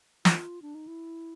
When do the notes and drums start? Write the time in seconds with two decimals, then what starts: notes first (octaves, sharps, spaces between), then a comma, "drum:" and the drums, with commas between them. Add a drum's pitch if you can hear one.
0.25 F4, drum: snare
0.62 D4
0.75 D#4
0.87 E4